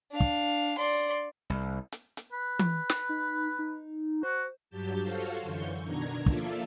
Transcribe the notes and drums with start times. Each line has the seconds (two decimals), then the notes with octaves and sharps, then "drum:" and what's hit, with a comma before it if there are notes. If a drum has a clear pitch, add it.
0.11 D4 F5
0.20 drum: kick
0.78 D5 C6
1.50 C2
1.92 drum: hi-hat
2.17 drum: hi-hat
2.32 B4
2.59 drum: tom E3
2.90 drum: snare
3.09 D#4
3.59 D#4
4.23 F#4 C5
4.70 G2 F#3 G4 G5 A5
5.02 F4 F#4 A4 C5 C#5 F5
5.40 F#2 D3 E3 C#6 G6
5.84 B2 D3 D#3 D4 A#5 G#6
6.26 F3 A#3 F4 A4 D5 E5, drum: kick